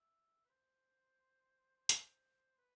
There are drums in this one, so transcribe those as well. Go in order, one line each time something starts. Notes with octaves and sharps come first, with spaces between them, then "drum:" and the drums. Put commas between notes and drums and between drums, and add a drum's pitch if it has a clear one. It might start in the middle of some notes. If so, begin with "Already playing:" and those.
Already playing: E5
B4
C5
C5, drum: hi-hat
B4